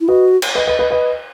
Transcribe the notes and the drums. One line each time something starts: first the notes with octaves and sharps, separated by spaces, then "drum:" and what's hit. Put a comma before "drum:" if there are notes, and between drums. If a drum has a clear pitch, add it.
E4
F#4 B4 D#5
drum: cymbal
B4 D#5
B4 D#5
B4 D#5
B4 D#5